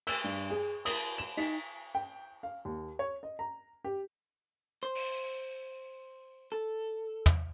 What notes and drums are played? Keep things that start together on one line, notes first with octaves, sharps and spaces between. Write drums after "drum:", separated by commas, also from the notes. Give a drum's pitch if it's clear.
E6, drum: cymbal
G2
G#4
D#6, drum: cymbal
E7
D#4, drum: cymbal
G5
F5
D#2
C#5
D#5
A#5
G4
C5
drum: open hi-hat
A4
drum: tom